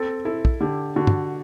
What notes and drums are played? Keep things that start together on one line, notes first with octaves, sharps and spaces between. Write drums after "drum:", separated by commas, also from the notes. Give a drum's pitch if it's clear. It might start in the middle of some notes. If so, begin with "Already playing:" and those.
Already playing: C4 A4
E4 A4
drum: kick
D3 G4
D3 F#4
drum: tom